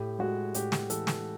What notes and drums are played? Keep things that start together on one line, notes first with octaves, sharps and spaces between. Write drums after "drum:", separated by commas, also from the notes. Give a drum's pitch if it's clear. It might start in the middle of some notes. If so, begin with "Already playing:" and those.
Already playing: A2 G4
G#3 F#4
A2 G4, drum: hi-hat
drum: snare
E3 A4, drum: hi-hat
drum: snare